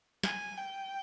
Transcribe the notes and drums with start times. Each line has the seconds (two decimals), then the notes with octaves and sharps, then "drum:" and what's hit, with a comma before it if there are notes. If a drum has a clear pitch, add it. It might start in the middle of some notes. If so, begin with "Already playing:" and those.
0.23 G#5, drum: snare
0.57 G5